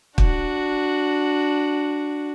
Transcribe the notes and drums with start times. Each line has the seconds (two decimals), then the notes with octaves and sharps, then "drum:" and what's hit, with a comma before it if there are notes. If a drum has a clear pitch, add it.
0.18 D4 F#4, drum: kick